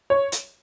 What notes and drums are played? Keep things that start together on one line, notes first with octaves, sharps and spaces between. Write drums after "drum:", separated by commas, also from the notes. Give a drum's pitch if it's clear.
C#5
drum: hi-hat